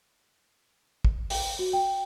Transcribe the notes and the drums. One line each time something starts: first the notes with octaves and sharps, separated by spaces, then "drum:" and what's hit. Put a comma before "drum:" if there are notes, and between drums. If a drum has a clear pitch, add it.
drum: kick
G5, drum: open hi-hat
F#4
G5